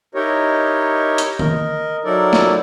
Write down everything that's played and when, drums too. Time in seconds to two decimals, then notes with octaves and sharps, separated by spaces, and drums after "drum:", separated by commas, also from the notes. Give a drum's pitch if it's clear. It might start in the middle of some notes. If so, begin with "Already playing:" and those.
0.15 D#4 E4 G4 A#4 C#5 D#5
1.18 drum: hi-hat
1.39 A#4 D#5, drum: tom D3
2.05 F#3 D#4 E4 A4 A#4 D5
2.33 drum: snare